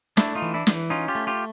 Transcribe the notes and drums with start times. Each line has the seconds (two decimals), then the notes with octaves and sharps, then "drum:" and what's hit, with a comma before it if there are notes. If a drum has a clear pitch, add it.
0.17 A3 D4 E4, drum: snare
0.35 D#4 F4
0.42 E3
0.54 D4 E4
0.67 E3, drum: snare
0.90 C#4 D#4 F4
1.08 F4 G4
1.15 A3
1.27 F4 G4